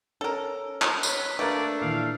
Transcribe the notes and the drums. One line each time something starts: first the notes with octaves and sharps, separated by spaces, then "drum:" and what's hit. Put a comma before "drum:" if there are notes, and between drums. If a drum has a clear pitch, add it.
C#4 A4 A#4
drum: clap
B4 C#5, drum: tambourine
A3 A#3 D4 A#4 B4 D5
A#2 E3 F5